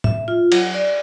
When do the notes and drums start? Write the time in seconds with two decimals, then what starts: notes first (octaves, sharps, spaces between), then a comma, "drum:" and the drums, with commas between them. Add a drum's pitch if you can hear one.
0.04 E5, drum: tom
0.28 F4
0.52 F#3, drum: cymbal
0.74 D5